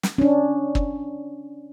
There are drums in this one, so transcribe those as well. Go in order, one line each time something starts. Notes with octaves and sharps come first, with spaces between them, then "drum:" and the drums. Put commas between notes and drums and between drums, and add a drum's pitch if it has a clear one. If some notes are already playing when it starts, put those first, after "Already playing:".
drum: snare
C#4 D4
drum: kick